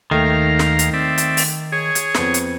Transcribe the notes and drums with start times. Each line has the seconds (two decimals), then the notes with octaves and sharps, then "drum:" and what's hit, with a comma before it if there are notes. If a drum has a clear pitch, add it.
0.11 D#2 D#3 A3 F5 G5 A#5
0.59 drum: snare
0.79 drum: hi-hat
0.94 C4 D5 E5
1.18 drum: hi-hat
1.37 drum: open hi-hat
1.72 G#4 C#5
1.95 drum: hi-hat
2.15 F2 B3, drum: snare
2.34 drum: hi-hat